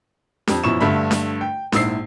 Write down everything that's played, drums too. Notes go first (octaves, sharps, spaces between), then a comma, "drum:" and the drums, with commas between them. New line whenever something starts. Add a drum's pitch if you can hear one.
F2 G4, drum: snare D4
F#2 B2 F3 E4 C#6 E7
G2 D3 A3 E5 B5
drum: snare D4
G5
A#1 G#2 E4 E6 C7, drum: snare D4